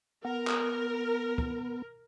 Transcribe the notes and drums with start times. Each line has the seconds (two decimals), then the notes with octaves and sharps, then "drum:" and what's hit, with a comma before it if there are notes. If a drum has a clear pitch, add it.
0.25 B3 A#4
0.47 drum: clap
1.38 drum: kick